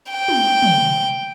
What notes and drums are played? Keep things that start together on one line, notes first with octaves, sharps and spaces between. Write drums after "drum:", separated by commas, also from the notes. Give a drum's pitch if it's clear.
G5
drum: tom
drum: tom